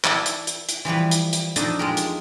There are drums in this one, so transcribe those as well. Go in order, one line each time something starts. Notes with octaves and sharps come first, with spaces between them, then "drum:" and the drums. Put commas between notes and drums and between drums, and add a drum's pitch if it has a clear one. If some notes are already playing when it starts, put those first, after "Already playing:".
E4 D5 G#5 A5, drum: clap
drum: hi-hat
drum: hi-hat
drum: hi-hat
E3 F3 G3 B4
drum: hi-hat
drum: hi-hat
F2 D4 D#4 D#5, drum: hi-hat
G#3 F4 G4 A#4
drum: hi-hat